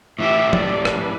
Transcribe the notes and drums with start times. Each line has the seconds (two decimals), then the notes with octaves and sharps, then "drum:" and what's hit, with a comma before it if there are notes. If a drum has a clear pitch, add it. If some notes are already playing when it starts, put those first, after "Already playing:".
0.19 A2 E3 G3 E4 G4 E5
0.53 D5, drum: tom
0.85 B4, drum: rim click